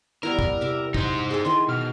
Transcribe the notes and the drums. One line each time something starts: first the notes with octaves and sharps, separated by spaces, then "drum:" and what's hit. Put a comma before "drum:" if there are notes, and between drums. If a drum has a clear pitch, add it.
G3 B3 E4 A#4
drum: kick
C3 E5 D6
D#4 C5, drum: kick
G#4 A4 G5 G#5
D#3 E3 G#4 C6
B2 F6